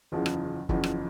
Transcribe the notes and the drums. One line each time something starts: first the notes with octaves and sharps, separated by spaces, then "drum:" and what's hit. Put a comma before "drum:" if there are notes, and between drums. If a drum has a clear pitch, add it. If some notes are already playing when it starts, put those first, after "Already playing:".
F#1 E2 C#3 F3
drum: rim click
F#1 E2 C#3 F3, drum: kick
drum: rim click